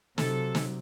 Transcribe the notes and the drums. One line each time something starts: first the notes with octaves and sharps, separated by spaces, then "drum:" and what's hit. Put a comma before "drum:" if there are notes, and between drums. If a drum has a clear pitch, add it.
C3 F#3 A4, drum: snare
drum: snare